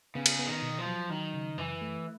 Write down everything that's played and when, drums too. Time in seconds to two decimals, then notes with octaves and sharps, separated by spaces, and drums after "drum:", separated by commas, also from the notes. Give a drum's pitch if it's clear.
0.15 C#3 B3
0.26 drum: cymbal
0.39 B3
0.46 D#3
0.62 B2
0.79 F3
0.86 F#3
1.10 D#3 F#3
1.34 C#3
1.58 F#2 E3
1.81 A3